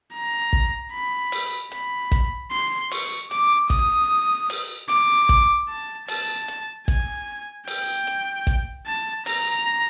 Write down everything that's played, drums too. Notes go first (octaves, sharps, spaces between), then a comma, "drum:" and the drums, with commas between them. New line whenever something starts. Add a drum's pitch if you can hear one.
A#5
drum: kick
B5
drum: open hi-hat
B5, drum: hi-hat
drum: kick, hi-hat
C6
C#6, drum: open hi-hat
D6, drum: hi-hat
D#6, drum: kick, hi-hat
drum: open hi-hat
D6, drum: hi-hat
drum: kick, hi-hat
A5
A5, drum: open hi-hat
drum: hi-hat
G#5, drum: kick, hi-hat
G5, drum: open hi-hat
drum: hi-hat
drum: kick, hi-hat
A5
A#5, drum: open hi-hat